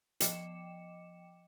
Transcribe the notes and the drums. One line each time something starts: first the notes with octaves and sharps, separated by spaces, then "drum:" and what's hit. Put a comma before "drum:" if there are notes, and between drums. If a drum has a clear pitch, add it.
F3 D#5 G5 D6 C#7 E7, drum: hi-hat